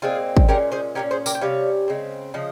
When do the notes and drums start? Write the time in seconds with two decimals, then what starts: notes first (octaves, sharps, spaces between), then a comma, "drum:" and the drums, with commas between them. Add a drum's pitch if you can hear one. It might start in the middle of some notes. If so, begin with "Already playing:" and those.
0.02 A#2 G#3 C4 F4 G#4
0.37 drum: kick
0.48 A#2 G#3 C#4 G4 A#4
0.72 G#4 C5
0.95 A#2 G#3 C#4 G4 A#4
1.11 G#4 C5
1.26 G4 A#4, drum: tambourine
1.35 G5
1.41 C3 G3 C#4 C#5 F5
1.88 C#3 G#3 C4
2.34 C#3 F3 D#5